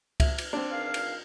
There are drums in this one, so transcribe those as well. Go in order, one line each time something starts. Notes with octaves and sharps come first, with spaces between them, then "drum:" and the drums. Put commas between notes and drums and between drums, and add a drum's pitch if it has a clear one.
E5, drum: kick C#2, cymbal
drum: cymbal
C4 D4
E2 D#3 F5
drum: cymbal